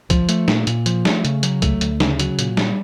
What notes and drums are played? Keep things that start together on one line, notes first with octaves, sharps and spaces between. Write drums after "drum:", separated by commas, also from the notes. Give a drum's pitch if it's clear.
F3, drum: kick, hi-hat
A3, drum: hi-hat
A#2, drum: snare
A#2, drum: hi-hat
F3, drum: hi-hat
A3, drum: snare
C#3, drum: hi-hat
F#3, drum: hi-hat
A3, drum: kick, hi-hat
D2, drum: hi-hat
C#3, drum: snare
F#3, drum: hi-hat
A#2, drum: hi-hat
G3, drum: snare